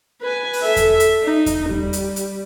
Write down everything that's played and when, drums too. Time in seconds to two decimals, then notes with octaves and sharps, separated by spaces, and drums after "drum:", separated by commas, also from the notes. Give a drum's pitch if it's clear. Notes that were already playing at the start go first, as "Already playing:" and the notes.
0.21 B4 G#5
0.53 drum: open hi-hat
0.62 A4 E5
0.76 drum: kick E2, hi-hat
1.00 drum: hi-hat
1.23 D#4
1.46 drum: kick E2, hi-hat
1.70 G3, drum: kick E2
1.93 drum: hi-hat
2.16 drum: hi-hat